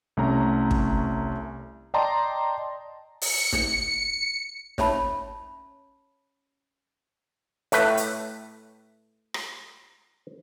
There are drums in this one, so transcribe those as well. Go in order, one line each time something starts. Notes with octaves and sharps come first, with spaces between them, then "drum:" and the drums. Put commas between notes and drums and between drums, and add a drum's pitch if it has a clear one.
C2 A3 C#4 A#5
drum: kick
D5 D#5 G5 A5 A#5 C6
C#7, drum: open hi-hat
drum: snare
C#4 C#5 E5 A5 B5, drum: snare
A2 A3 B4, drum: hi-hat
drum: hi-hat
drum: rim click